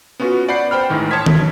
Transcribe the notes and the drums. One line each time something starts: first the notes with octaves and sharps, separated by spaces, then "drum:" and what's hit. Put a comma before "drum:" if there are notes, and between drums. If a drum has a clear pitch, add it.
B3 C#4 F4 F#4 B4
D5 F#5 B5 G6 C7
C5 G5 B5 F6
A1 G#2 D#3 E3
C#5 A5 C6 D#6 G#6 B6
F#2, drum: tom D#3